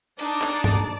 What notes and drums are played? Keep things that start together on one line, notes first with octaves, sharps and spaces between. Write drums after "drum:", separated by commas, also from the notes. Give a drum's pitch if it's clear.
D4 D#4 D5 A5 D#6, drum: hi-hat
drum: clap
drum: tom